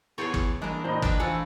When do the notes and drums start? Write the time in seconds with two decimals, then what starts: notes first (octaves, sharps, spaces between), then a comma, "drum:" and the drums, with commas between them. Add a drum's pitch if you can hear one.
0.18 E2 A4 C#5 D5 C#6 G6 C7
0.34 drum: kick
0.62 E3 G#3 A#3 D4
0.84 A#2 C4 D5 D#5 A#5 B5
1.02 D#3 D4 B4, drum: kick
1.20 E3 F3 A3 D4 F5 G#5 E6 C#7